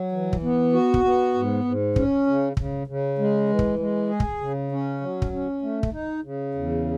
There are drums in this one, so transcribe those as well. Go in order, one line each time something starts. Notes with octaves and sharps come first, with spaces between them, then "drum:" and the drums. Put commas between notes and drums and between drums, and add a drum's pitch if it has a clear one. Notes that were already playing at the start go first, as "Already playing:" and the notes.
Already playing: F#3
E3
drum: kick
B3
F#4
drum: kick
B3
G#2
G#2
C#4, drum: kick
C#3
C#3, drum: kick
C#3
G#3
E3
drum: kick
G#3
G#4
drum: kick
C#3
C#4
F#3
drum: kick
C#4
A3
drum: kick
D#4
C#3
E2